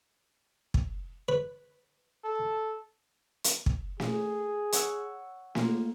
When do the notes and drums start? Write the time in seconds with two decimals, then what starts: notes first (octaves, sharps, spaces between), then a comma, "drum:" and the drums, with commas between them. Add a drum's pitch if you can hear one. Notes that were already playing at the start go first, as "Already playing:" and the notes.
0.74 drum: kick
1.29 B4
2.24 A4
3.44 drum: hi-hat
3.66 drum: kick
4.00 G#4, drum: snare
4.72 C#5 F#5 E6, drum: hi-hat
5.55 A#3 F4, drum: snare